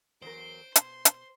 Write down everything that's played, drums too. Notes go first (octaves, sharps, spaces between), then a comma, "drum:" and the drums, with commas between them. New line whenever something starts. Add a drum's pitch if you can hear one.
E2 F#3 A#4 C5 D7
B2 C6, drum: hi-hat
drum: hi-hat